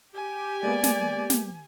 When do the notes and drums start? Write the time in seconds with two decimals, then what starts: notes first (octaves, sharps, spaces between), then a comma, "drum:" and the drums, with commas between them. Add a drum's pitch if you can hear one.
0.14 G4 G#5
0.63 G#3 A#3 B3 D5
0.84 drum: snare
1.30 drum: snare